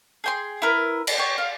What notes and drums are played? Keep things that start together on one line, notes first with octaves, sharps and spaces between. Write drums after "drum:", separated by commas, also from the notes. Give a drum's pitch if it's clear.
G#4 G5 C6
E4 A#4 B4
drum: cymbal
G4 C#5
F5